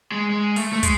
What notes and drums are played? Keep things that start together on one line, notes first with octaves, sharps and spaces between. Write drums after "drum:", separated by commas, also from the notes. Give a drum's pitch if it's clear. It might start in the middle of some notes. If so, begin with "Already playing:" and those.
G#3
G#3
A3, drum: open hi-hat
A3
G#3, drum: kick, hi-hat